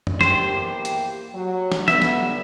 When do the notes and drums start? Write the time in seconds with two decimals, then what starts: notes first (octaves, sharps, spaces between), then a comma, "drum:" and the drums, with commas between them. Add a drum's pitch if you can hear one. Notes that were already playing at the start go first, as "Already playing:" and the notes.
0.07 drum: tom F#2
0.21 E2 A#3 G4 C5, drum: snare
0.85 drum: hi-hat
1.34 F#3
1.72 drum: snare
1.88 D3 G3 B3 E5, drum: snare
2.02 drum: snare